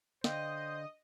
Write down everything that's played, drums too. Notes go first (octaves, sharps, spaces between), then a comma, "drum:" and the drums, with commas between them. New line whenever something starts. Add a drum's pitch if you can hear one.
D3 C5 D#5 F5 G5, drum: snare